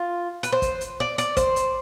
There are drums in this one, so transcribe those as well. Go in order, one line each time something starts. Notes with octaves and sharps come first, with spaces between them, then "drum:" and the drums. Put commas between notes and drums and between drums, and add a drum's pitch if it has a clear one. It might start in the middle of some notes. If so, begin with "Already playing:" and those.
Already playing: F4
B4, drum: hi-hat
C5
drum: kick, hi-hat
drum: hi-hat
D5
D5, drum: hi-hat
C5, drum: kick, hi-hat
drum: hi-hat